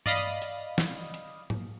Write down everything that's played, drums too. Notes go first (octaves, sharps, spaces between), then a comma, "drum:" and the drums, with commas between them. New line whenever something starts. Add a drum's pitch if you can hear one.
D5 D#5 F5 B5 D#6, drum: tom G2
drum: hi-hat
drum: snare
drum: hi-hat
drum: tom G#2